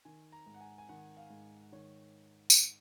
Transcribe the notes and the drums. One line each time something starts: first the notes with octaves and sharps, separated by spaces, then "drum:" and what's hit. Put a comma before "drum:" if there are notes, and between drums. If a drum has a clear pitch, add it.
D#3 G#5
A#5
G#2
F#5
G#5
G#5
D#3 F#5
F5
G#2
D#3 C#5
drum: tambourine